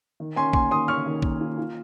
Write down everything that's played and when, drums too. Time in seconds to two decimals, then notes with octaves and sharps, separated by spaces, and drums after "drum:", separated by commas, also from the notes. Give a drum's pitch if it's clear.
0.20 D#3
0.36 C#4 G#5 C6
0.53 A#3 G#5 C6, drum: kick
0.71 D#3 C6 D#6
0.88 C#4 C#6 F6
1.06 D#3
1.22 A#3, drum: kick
1.41 F4
1.58 F4